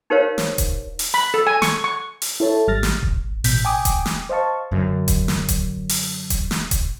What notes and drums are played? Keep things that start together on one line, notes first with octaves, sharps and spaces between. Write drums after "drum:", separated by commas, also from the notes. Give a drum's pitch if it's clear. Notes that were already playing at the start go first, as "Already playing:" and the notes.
D#4 G4 A#4 C5 C#5 F5
drum: snare
drum: kick D#1, hi-hat
drum: open hi-hat
B5
A4
G#5
C#6, drum: snare
C#6
drum: open hi-hat
E4 A4 C#5 A5
G#1 G3 F6 A6 A#6
drum: snare
G#1, drum: kick D#1
A1 B2 G6 B6, drum: open hi-hat
G5 G#5 D6 D#6
drum: kick D#1, hi-hat
drum: snare
C5 D#5 F5 A5 C#6
F#2 D3
drum: kick D#1, hi-hat
drum: snare
drum: kick D#1, hi-hat
drum: open hi-hat
drum: kick D#1, hi-hat
drum: snare
drum: kick D#1, hi-hat